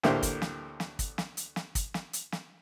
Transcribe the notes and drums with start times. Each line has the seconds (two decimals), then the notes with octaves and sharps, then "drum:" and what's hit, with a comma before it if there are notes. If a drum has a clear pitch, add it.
0.03 D2 A2 A#3 G4 C5 E5, drum: snare
0.23 drum: kick, hi-hat
0.42 drum: snare
0.80 drum: snare
0.99 drum: kick, hi-hat
1.18 drum: snare
1.37 drum: hi-hat
1.56 drum: snare
1.75 drum: kick, hi-hat
1.94 drum: snare
2.13 drum: hi-hat
2.32 drum: snare